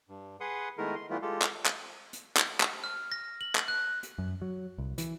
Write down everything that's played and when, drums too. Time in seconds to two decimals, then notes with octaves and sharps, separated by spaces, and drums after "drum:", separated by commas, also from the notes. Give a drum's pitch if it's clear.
0.09 G2
0.41 G#4 B4 F#5 C6 D#6
0.78 D#3 G#3 A3 B3 E4 A#4
0.95 C6
1.10 E3 G3 A3 B3 E4 F4
1.22 G#3 F4 G4 A4
1.42 drum: clap
1.66 drum: clap
2.13 drum: hi-hat
2.37 drum: clap
2.61 drum: clap
2.84 F6
3.12 A#6
3.41 F#7
3.55 drum: clap
3.68 F#6
4.03 drum: hi-hat
4.18 F#2
4.42 F#3
4.78 C2
4.98 E3, drum: hi-hat